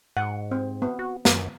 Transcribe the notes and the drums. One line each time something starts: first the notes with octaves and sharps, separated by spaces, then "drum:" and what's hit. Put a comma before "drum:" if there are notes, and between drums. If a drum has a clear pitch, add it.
G#2 F#5
C4
B3
F#4
F#2, drum: snare